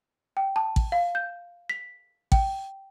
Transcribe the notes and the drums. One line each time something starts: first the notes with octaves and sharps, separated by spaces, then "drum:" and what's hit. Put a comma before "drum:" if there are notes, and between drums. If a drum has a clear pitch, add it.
G5
A5
drum: kick A1
F5
G6
B6
G5, drum: kick A1